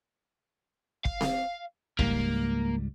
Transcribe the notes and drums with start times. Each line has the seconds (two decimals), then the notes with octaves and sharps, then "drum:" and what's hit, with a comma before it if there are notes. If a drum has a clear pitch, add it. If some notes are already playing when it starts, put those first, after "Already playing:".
1.05 F5, drum: kick
1.21 drum: snare C4
1.99 C#2 G#2 G3 A#3, drum: kick